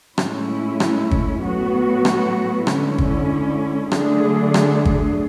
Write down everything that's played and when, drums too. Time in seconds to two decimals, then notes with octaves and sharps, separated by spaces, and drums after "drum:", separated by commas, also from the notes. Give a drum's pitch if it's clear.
0.18 A2 G#3 C#4 E4, drum: rim click
0.80 drum: rim click
1.11 drum: kick
1.43 A2 F#3 B3 F#4
2.05 drum: rim click
2.67 D3 G#3 C#4 E4, drum: rim click
2.98 drum: kick
3.92 D3 F#3 A3 D4 G#4, drum: rim click
4.54 drum: rim click
4.85 drum: kick